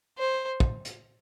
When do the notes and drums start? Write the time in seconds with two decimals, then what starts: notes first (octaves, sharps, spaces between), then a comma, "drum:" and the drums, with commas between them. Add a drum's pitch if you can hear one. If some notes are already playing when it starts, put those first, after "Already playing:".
0.18 C5
0.60 drum: kick
0.85 drum: hi-hat